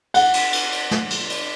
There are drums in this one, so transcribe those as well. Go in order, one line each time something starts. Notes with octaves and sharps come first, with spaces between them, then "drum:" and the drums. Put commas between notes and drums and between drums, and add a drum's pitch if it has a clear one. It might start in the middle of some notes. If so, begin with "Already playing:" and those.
F#5, drum: cymbal
drum: cymbal
drum: cymbal
drum: cymbal
drum: snare
drum: cymbal
drum: cymbal